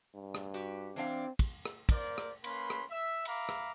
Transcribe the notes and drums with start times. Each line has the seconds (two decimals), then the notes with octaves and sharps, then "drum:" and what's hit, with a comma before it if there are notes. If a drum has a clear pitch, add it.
0.15 G2
0.35 drum: rim click
0.54 F#4 G4
0.96 E3 C4 D4 F5
1.39 drum: kick, cymbal
1.65 drum: rim click
1.89 A#3 A#4 C5 D5, drum: kick, cymbal
2.18 drum: rim click
2.44 A#3 C#4 B4 B5 C6, drum: cymbal
2.70 drum: rim click
2.90 E5
3.25 E5 F5 A#5 B5 D6, drum: cymbal
3.49 drum: rim click